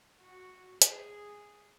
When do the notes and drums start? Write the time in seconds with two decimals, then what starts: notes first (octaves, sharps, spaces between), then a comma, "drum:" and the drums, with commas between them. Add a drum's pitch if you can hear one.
0.18 F#4
0.82 G#4, drum: hi-hat